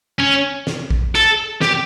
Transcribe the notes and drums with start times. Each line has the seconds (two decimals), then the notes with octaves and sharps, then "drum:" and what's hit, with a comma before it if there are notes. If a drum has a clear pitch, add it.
0.20 C#4
0.67 drum: snare
0.90 drum: kick A#1
1.15 A4, drum: hi-hat
1.61 G4, drum: snare